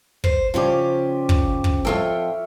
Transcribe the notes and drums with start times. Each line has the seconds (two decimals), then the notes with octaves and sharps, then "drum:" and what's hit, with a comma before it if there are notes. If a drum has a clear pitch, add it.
0.24 C5, drum: kick
0.54 C#3 F3 C#4 G4 D5
1.29 drum: kick
1.64 drum: kick
1.85 F2 F4 A4 C#5 E5 G5